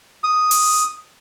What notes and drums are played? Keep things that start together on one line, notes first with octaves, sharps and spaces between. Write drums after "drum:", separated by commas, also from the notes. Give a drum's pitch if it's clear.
D#6
drum: open hi-hat